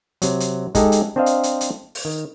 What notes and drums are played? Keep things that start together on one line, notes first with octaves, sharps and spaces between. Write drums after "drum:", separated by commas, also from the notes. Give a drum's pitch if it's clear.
C3 F#3, drum: hi-hat
drum: hi-hat
G#3 D#4 G4 A4, drum: kick, hi-hat
drum: hi-hat
C4 D4 C5 D#5 F5
drum: hi-hat
drum: hi-hat
drum: hi-hat
drum: open hi-hat
D#3